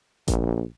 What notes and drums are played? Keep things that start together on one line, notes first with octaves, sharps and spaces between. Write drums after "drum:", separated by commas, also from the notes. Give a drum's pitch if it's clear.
A#1, drum: kick G#1, hi-hat